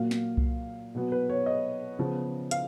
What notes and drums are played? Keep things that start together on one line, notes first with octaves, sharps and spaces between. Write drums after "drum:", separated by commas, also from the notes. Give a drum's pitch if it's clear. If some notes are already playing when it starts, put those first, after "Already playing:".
Already playing: A#2 F#3 A#3 F5
drum: snare
drum: kick C2
B2 F#3 B3
B4
C#5
D#5
C#3 F3 B3
F5, drum: hi-hat